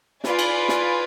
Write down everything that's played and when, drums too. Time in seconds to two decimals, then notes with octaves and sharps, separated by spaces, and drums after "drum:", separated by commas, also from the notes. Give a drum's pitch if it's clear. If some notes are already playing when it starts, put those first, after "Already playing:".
0.24 F4 B4 D5 G#5, drum: snare
0.39 drum: cymbal
0.69 drum: snare